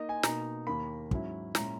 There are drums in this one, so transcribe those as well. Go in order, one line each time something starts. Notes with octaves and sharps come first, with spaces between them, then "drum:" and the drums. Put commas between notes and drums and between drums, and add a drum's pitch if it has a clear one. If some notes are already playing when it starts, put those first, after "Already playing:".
Already playing: A#3 D#4 D#5
G#5
B2 A#3 D#4 A#5, drum: snare
D#2 D#3 A#3 B5
G#2 F#3 C#4 E4, drum: kick
A#2 G#3 C#4 E4 A#5, drum: snare